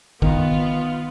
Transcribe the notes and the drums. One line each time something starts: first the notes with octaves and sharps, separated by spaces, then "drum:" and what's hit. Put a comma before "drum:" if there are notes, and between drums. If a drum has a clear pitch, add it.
D#3 B3 F4, drum: kick